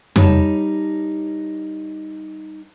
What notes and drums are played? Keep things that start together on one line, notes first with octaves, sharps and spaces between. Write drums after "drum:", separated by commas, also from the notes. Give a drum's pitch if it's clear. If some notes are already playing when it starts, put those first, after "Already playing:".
G3 D#4 C#5 A5, drum: tom F2